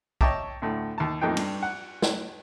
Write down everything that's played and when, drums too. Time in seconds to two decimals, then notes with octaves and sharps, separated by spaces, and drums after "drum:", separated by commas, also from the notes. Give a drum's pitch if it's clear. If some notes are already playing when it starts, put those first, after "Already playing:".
0.21 C#5 D#5 E5 G5 A5 D6, drum: kick B1
0.62 D2 A2
0.98 D#2 A5
1.21 F2 A2 A#3 D#4 G5
1.37 G2, drum: cymbal
1.63 F#5
2.02 drum: snare